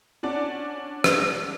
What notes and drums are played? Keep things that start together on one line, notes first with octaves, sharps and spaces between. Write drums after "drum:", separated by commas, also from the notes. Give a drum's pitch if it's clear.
C#4 D4 D5 F#5
drum: rim click